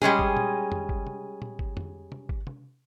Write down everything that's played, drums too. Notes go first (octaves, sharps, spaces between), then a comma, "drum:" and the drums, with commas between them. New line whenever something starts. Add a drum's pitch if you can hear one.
G3 G#3 C#4 G#4, drum: tom A#2
drum: kick G1
drum: tom A#2
drum: tom F2
drum: kick G1
drum: tom
drum: tom A#2
drum: kick G1
drum: tom F2
drum: tom
drum: kick G1
drum: tom